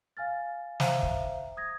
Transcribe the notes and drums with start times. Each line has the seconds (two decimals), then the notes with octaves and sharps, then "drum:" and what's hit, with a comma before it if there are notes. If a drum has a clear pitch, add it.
0.17 F5 G#5 F6 A6
0.80 C5 E5 F5 G5 A#5, drum: snare
1.03 drum: kick
1.57 D#6 G#6 A#6